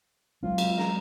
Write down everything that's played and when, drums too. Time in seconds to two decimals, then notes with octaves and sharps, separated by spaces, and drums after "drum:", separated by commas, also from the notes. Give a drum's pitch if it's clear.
0.43 F#3 G#3 C4 F4
0.58 drum: cymbal
0.78 A#5, drum: snare